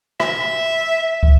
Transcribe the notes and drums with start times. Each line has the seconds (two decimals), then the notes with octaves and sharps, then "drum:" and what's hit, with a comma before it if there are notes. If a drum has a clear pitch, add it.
0.20 E5, drum: rim click
1.23 drum: kick